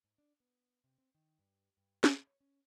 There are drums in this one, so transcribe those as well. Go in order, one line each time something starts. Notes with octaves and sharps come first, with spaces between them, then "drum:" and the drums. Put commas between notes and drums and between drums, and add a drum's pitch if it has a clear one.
G#2
D4
B3
C3
C4
D#3
G2
G2
B2, drum: snare
C#5
C#4